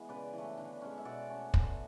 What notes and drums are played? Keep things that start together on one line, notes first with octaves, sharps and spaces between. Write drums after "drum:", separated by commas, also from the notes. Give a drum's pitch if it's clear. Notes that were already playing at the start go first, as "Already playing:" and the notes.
Already playing: E3 G#3 B3
C#3 B4 D5
E3 A3
D3
G#3 C#4
E5
B2 D5 F#5
A3 C#4
D3, drum: kick